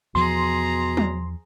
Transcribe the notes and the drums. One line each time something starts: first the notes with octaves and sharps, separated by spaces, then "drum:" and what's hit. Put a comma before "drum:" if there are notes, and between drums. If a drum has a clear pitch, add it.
E2 B2 F3 G#4 A#5 C6
drum: tom